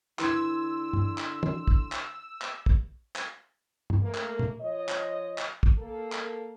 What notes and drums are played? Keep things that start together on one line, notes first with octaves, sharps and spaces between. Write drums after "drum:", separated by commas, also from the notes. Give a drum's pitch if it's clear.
D3 E3 C6 E6 G#6, drum: clap
drum: tom G2
drum: clap
drum: tom
drum: kick
drum: clap
drum: clap
drum: kick
drum: clap
drum: tom G2
A3 A#3
drum: clap
drum: tom
F3 C#5 D#5
drum: clap
drum: clap
drum: kick
A#3 A4
drum: clap